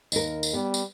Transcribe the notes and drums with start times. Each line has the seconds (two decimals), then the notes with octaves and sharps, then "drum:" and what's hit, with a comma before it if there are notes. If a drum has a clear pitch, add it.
0.12 D#2 A#4, drum: tambourine
0.43 drum: tambourine
0.54 G3 B3
0.74 drum: tambourine